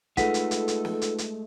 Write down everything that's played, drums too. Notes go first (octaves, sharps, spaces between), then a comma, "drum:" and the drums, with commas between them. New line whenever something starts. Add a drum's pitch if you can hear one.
G#3 A3 D#4 F4 A4 B4 F#5 B6, drum: kick, hi-hat
drum: hi-hat
drum: hi-hat
drum: hi-hat
drum: snare
drum: hi-hat
drum: hi-hat